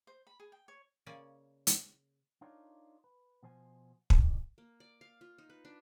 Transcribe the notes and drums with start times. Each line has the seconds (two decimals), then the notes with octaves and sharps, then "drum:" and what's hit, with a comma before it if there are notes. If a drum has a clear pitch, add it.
0.07 C5
0.27 B5
0.40 G#4
0.52 G5
0.68 C#5
1.06 C#3 A#3 C#4 D5 G#5
1.67 drum: hi-hat
2.41 D4 D#4 F4 A#4 C#5 D5
3.04 B4
3.43 B2 F3 C5 G#5
4.10 A2 D#3 E3 D5 D#5 G#5, drum: kick
4.58 A#3
4.80 D5
5.01 F5
5.21 F4
5.38 D#4
5.50 B4
5.65 D4